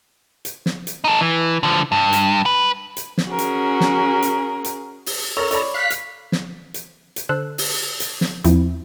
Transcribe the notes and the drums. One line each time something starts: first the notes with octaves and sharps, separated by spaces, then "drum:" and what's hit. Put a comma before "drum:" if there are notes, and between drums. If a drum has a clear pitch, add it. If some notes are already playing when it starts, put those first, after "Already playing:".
drum: hi-hat
drum: snare
drum: hi-hat
D#4 A4
E3
D3 F3
G2
drum: hi-hat
B4
drum: hi-hat
drum: snare
C#4 F#4 G#4 A#4
drum: hi-hat
drum: snare
drum: hi-hat
drum: hi-hat
drum: open hi-hat
A4 A#4 C#5 A#5
C#5 D5 B5, drum: hi-hat
F5 F#6 B6
drum: hi-hat
drum: snare
drum: hi-hat
drum: hi-hat
D3 A4 C5 E6 F#6
drum: open hi-hat
drum: hi-hat
drum: snare
E2 F3 C4 E4, drum: hi-hat